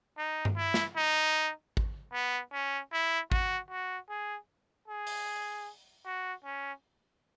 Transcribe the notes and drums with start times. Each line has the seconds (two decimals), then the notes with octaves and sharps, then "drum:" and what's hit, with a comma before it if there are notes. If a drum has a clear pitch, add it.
0.18 D#4
0.45 drum: tom G2
0.57 E4
0.74 drum: snare
0.97 D#4
1.77 drum: kick G#1
2.13 B3
2.52 C#4
2.92 E4
3.32 F#4, drum: kick G#1
3.71 F#4
4.10 G#4
4.88 G#4
5.07 drum: open hi-hat
6.06 F#4
6.45 C#4